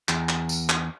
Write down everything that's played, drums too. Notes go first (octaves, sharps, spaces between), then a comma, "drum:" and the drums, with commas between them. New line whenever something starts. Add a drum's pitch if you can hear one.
E2, drum: clap
drum: clap
drum: tambourine
drum: clap